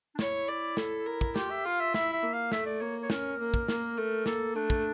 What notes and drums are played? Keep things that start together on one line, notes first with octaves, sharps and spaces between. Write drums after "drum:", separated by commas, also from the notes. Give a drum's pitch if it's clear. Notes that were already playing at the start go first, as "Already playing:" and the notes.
D4
E4 C#5, drum: snare
D5
A4, drum: snare
A#4
drum: kick
F4 G4, drum: snare
E5
F4 F5
E5
E4 E5, drum: snare
E5
A#3
F5
A3 E5, drum: snare
D5
A#3 C#5
C#5
C#4 A#4, drum: snare
A#3
drum: kick
A#3, drum: snare
A3
A#3 A4, drum: snare
A3 D4
drum: kick